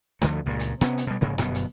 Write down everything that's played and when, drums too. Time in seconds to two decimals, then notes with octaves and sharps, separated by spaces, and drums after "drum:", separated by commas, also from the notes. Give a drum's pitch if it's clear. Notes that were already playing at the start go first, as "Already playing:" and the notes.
0.22 D2 D3 F3 A3, drum: rim click
0.46 C#2 G2 A#2
0.60 drum: hi-hat
0.81 C3 B3 C#4, drum: rim click
0.98 drum: hi-hat
1.07 B2 G3
1.21 A#1 G#2 C#3 A#3
1.38 G1 F#2 B2 B3, drum: rim click
1.54 drum: hi-hat